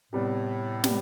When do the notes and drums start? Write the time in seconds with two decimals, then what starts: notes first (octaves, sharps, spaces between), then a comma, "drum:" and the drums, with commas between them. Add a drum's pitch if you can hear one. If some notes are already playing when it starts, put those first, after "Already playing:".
0.12 A2 C3 G3 B3
0.84 C3 G3 B3, drum: snare